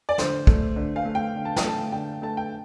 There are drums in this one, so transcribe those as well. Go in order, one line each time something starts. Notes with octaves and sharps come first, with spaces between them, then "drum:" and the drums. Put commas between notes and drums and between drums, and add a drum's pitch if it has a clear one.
D5
D3 C5, drum: snare
A3, drum: kick
D3
F5
A3
G5
D3
A5
G5, drum: snare
A3 A5
D3 G5
A3 A5
G5